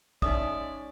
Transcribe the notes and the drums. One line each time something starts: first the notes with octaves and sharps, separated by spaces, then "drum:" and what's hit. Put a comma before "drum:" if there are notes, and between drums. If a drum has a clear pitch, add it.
G#3 C#4 D#4 D5 E5 D#6, drum: kick